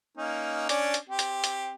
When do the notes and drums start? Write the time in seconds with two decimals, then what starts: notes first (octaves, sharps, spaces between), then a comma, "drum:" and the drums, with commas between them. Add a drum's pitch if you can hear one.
0.17 A#3 C#4 D#4
0.69 C#4 D4 D5, drum: hi-hat
0.94 drum: hi-hat
1.09 C4 G4
1.19 drum: hi-hat
1.44 drum: hi-hat